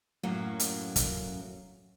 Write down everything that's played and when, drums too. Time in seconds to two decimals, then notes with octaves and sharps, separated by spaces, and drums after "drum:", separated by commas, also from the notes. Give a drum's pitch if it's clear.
0.23 F#2 A2 F#3 A#3 C#4
0.60 drum: hi-hat
0.96 drum: kick, hi-hat